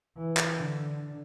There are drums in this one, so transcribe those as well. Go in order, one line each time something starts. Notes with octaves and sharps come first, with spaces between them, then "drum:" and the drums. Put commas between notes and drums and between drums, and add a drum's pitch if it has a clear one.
E3
drum: clap
D3